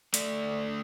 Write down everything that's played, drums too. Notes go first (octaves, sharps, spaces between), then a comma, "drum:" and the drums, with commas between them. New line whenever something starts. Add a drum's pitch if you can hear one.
A3 D5, drum: hi-hat